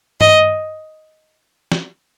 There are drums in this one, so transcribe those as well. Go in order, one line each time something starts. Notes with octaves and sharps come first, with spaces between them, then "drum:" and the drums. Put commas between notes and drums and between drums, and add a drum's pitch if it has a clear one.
D#5, drum: tom G2
drum: snare